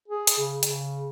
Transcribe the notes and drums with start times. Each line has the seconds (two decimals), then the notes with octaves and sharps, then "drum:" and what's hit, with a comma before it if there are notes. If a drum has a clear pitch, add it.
0.08 G#4
0.27 drum: hi-hat
0.39 C#3
0.63 C#3, drum: hi-hat